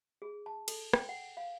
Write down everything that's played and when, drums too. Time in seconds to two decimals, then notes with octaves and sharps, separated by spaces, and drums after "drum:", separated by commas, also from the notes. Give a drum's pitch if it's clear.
0.22 G#4
0.46 A5
0.68 A4, drum: cymbal
0.93 G5, drum: rim click
1.09 F#5
1.37 F5